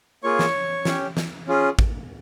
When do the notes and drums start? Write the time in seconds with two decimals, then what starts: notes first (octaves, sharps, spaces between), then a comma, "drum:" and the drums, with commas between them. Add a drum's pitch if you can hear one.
0.24 A#3 F4 G#4 C#5 C#6
0.39 drum: snare
0.85 C#4 G4, drum: snare
1.17 drum: snare
1.48 C#4 F4 G#4
1.79 drum: kick